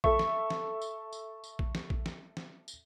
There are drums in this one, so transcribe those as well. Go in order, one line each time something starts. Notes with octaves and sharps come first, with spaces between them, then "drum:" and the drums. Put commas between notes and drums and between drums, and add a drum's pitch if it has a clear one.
A4 E5 C#6, drum: kick
drum: snare
drum: snare
drum: tambourine
drum: tambourine
drum: tambourine
drum: kick
drum: snare
drum: kick
drum: snare
drum: snare
drum: tambourine